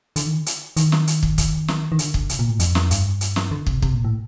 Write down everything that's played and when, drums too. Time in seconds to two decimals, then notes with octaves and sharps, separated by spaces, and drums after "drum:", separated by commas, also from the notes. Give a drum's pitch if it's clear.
0.16 D3, drum: hi-hat
0.26 D#3
0.46 drum: hi-hat
0.77 D#3, drum: hi-hat
0.92 drum: snare
1.07 drum: hi-hat
1.23 drum: kick
1.38 drum: kick, hi-hat
1.68 drum: snare
1.92 D#3
1.99 D3, drum: hi-hat
2.14 drum: kick
2.29 C3, drum: hi-hat
2.39 A#2
2.49 A2
2.60 F2, drum: hi-hat
2.75 drum: snare
2.91 G2, drum: hi-hat
3.21 drum: hi-hat
3.36 drum: snare
3.51 D3
3.67 C3, drum: kick
3.82 C3, drum: kick
3.94 A#2
4.05 A2